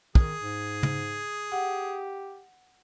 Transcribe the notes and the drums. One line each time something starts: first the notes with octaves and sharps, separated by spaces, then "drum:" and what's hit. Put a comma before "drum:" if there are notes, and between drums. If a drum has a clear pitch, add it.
D#3 G#4, drum: kick
G#2
drum: tom
G4 F#5